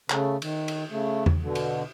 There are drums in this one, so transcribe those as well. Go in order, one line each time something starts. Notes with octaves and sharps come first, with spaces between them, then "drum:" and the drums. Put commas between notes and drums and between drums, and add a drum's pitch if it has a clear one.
C#3 A3, drum: clap
D#3, drum: cymbal
drum: cymbal
C#3 A3
drum: tom E2
B2 D3
drum: cymbal